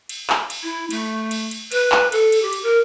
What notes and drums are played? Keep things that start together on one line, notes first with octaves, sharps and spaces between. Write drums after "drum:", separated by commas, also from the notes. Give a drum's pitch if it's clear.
drum: cymbal
drum: clap
drum: cymbal
E4
A3, drum: cymbal
drum: cymbal
drum: cymbal
B4, drum: cymbal
drum: clap
A4, drum: cymbal
drum: cymbal
G4
drum: cymbal
A#4